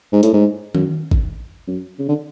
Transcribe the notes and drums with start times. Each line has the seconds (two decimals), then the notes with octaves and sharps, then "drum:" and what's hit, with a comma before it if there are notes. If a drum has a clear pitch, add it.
0.13 G#2
0.23 A2, drum: hi-hat
0.33 G#2
0.75 F#2, drum: tom D#3
1.11 drum: kick
1.67 F#2
1.99 C#3
2.09 D3